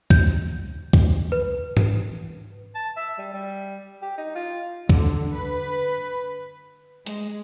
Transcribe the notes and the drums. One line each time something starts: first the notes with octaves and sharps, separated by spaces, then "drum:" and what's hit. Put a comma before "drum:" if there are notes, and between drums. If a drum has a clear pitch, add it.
G6, drum: kick
drum: kick
B4
drum: tom G#2
A5
E5
G3
G3
G4
D#4
F4
D3, drum: kick
B4
G#3, drum: hi-hat